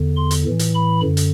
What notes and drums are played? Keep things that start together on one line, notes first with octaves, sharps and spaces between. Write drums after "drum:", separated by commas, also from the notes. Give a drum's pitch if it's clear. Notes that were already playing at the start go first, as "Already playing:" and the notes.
Already playing: E2 D3
C6
drum: hi-hat
A2 E3
drum: hi-hat
B5
F#2 D3
drum: hi-hat